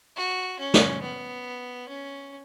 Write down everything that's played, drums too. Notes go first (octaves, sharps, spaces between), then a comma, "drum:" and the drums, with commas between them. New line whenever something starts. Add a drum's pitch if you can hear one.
F#4
C#4
drum: snare
B3
C#4